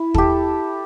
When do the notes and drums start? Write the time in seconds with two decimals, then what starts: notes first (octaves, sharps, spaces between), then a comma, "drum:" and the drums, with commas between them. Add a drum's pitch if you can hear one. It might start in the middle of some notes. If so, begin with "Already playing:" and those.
Already playing: E4
0.14 G4 A4, drum: kick